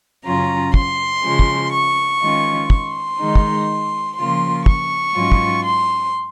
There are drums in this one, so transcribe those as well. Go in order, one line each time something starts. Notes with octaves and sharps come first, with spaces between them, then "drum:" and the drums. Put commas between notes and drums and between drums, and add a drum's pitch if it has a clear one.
F#2 C#3 F#3 C#4 F4 A#5
C6, drum: kick
C#3 F3 G#3
drum: kick
C#6
D#3 G#3 C#4 F4
C6, drum: kick
D#3 G#3 D#4
drum: kick
C#3 F3 A#3 F4 C6
C#6, drum: kick
G#2 F#3 C#4 F4
drum: kick
C6